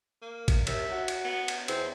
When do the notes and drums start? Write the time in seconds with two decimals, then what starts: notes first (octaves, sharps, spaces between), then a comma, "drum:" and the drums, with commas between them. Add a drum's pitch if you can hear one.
0.22 A#3
0.48 drum: kick, cymbal
0.67 D#2 E5, drum: cymbal
0.91 F#4
1.08 drum: cymbal
1.25 B3
1.48 drum: cymbal
1.68 E2 C4, drum: cymbal